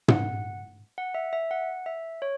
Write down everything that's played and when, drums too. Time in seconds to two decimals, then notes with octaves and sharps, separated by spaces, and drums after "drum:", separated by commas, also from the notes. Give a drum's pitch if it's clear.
0.08 F#5, drum: tom
0.98 F#5
1.14 E5
1.33 E5
1.51 F#5
1.86 E5
2.22 C#5